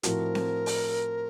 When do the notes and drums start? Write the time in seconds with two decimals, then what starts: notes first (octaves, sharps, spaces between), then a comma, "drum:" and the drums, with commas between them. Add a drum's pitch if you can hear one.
0.03 A2 F3 C4 F#4 A#4, drum: hi-hat
0.35 drum: snare C4
0.66 drum: open hi-hat